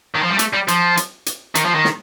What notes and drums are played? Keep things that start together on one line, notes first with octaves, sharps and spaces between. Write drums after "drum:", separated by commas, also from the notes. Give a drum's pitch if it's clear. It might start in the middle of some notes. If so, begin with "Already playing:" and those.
D#3
F3
G3
A3, drum: hi-hat
G3
F3, drum: hi-hat
drum: hi-hat
drum: hi-hat
D#3, drum: hi-hat
F3
D#3
drum: snare